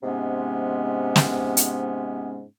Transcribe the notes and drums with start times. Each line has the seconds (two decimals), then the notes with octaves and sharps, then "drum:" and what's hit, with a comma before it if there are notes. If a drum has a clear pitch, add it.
0.02 G#2 C3 G#3 B3 C#4
1.16 drum: snare
1.57 drum: hi-hat